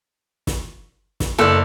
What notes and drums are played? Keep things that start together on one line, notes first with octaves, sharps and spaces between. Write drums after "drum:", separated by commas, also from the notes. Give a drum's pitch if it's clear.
drum: snare
drum: snare
F#1 A4 D5 E6